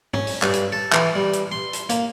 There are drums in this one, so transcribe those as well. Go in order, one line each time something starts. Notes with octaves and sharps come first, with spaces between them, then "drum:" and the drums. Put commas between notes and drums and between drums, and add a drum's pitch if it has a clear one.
C#4, drum: tom G#2
drum: open hi-hat
G2, drum: clap
drum: hi-hat
A4
E3, drum: clap
G3
drum: hi-hat
C6
drum: hi-hat
A#3, drum: hi-hat